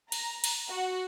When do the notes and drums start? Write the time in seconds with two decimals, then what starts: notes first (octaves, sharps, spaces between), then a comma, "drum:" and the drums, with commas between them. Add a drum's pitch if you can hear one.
0.12 A#5, drum: cymbal
0.44 drum: cymbal
0.70 F#4